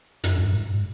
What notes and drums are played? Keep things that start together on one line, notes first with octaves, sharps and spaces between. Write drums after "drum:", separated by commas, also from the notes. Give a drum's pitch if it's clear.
F#2, drum: hi-hat
G2
G#2